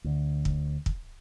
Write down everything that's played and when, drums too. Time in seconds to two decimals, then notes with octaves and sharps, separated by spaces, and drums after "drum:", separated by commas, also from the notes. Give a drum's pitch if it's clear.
0.04 D2 D3
0.45 drum: kick
0.86 drum: kick